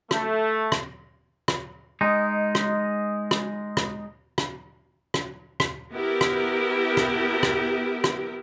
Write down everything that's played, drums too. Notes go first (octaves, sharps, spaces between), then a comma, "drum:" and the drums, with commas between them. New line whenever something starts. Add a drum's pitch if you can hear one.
A3, drum: rim click
drum: rim click
drum: rim click
G#3 D#4
drum: rim click
drum: rim click
drum: rim click
drum: rim click
drum: rim click
drum: rim click
B3 E4 G4 A#4
drum: rim click
drum: rim click
drum: rim click
drum: rim click